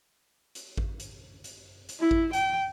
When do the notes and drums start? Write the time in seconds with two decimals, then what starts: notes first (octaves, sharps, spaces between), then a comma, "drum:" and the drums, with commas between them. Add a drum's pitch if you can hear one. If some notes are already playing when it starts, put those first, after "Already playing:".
0.55 drum: hi-hat
0.77 drum: kick G#1
1.00 drum: hi-hat
1.44 drum: hi-hat
1.89 drum: hi-hat
2.00 E4
2.11 drum: kick G#1
2.33 G5, drum: hi-hat